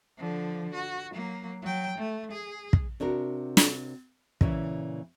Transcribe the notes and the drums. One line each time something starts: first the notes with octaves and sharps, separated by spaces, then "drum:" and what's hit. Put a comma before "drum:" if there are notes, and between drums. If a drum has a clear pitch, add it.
D3 F3
F#4
F#3 A#3
F#3 G5
A3
G#4
drum: kick
C3 D4 F#4 A#4
drum: snare
A#2 C#3 E3 C#4 E4, drum: kick